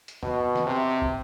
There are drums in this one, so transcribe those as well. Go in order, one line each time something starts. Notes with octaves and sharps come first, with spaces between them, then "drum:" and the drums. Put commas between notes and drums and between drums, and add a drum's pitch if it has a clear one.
drum: hi-hat
B2, drum: tom
drum: snare
C3
drum: kick